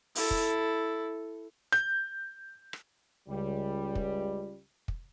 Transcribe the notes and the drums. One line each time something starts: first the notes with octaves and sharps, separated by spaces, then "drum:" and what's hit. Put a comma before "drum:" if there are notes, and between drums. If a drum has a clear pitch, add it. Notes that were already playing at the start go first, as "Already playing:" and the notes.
E4 A4, drum: open hi-hat
drum: kick
G6, drum: rim click
drum: rim click
C#2 G3
drum: kick
drum: kick